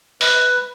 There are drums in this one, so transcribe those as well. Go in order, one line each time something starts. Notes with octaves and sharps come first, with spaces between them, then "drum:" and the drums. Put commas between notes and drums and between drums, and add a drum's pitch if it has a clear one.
B4, drum: open hi-hat